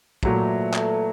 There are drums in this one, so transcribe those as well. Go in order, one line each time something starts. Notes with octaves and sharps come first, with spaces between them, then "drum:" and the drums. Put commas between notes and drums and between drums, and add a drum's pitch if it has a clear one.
A#2 E3 F#3 A3 E4, drum: kick
A3 A4
drum: clap